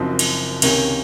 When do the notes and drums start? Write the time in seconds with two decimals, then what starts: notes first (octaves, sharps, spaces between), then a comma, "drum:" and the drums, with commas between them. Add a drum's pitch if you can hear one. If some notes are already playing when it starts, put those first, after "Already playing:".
Already playing: F#1 F#2 F3 C4 D#4
0.19 drum: cymbal
0.62 C#2 C3 D#3 A#3 C#4, drum: cymbal